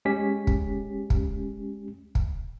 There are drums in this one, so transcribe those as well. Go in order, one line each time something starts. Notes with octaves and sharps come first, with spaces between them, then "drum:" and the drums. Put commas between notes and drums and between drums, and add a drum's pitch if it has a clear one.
G#3 C#4 G4 B6
drum: kick
drum: kick
drum: kick